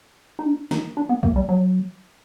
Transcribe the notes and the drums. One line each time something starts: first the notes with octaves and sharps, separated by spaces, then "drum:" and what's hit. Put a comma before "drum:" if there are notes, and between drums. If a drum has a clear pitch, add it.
D#4
D4
D#4, drum: snare
D4
B3
A#3, drum: kick
G3
F#3